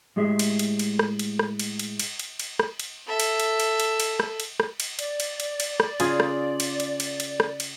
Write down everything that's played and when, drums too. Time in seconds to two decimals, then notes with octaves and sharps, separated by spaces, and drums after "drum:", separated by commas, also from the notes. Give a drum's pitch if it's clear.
0.16 A2 G#3 G4 G#4 E5
0.39 drum: cymbal
0.59 drum: cymbal
0.79 drum: cymbal
0.99 drum: rim click
1.19 drum: cymbal
1.39 drum: rim click
1.59 drum: cymbal
1.79 drum: cymbal
1.99 drum: cymbal
2.19 drum: cymbal
2.40 drum: cymbal
2.60 drum: rim click
2.80 drum: cymbal
3.07 A4 E5
3.20 drum: cymbal
3.40 drum: cymbal
3.60 drum: cymbal
3.80 drum: cymbal
4.00 drum: cymbal
4.20 drum: rim click
4.40 drum: cymbal
4.60 drum: rim click
4.80 drum: cymbal
4.99 D5, drum: cymbal
5.20 drum: cymbal
5.40 drum: cymbal
5.60 drum: cymbal
5.80 drum: rim click
6.00 C#3 F4 G#4, drum: cymbal
6.20 drum: rim click
6.60 drum: cymbal
6.80 drum: cymbal
7.00 drum: cymbal
7.20 drum: cymbal
7.40 drum: rim click
7.60 drum: cymbal